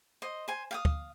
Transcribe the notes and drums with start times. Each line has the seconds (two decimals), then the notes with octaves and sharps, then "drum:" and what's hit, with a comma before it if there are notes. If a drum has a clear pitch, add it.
0.22 C5 D#5
0.48 C5 G#5
0.71 F5 G5 D#6
0.85 drum: kick